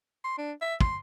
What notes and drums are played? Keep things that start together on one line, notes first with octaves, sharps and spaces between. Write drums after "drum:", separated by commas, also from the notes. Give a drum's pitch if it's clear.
C6
D4
E5
C6, drum: kick